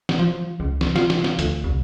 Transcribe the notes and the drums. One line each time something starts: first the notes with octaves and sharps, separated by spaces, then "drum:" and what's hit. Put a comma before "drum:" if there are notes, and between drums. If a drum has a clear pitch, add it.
drum: snare
F3
C#2
drum: snare
F4, drum: snare
drum: snare
drum: snare
D2, drum: hi-hat
C2